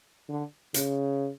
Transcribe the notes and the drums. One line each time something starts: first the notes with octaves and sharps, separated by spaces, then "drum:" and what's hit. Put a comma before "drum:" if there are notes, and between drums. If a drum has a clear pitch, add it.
D3
C#3, drum: hi-hat